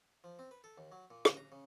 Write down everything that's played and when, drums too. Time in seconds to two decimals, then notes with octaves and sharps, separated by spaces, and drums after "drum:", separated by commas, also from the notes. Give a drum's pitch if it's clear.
0.24 F3
0.39 C4
0.51 B4
0.64 A4
0.78 D#2
0.92 F#3
1.10 A#2
1.25 C#2, drum: rim click
1.37 A#5
1.52 C#3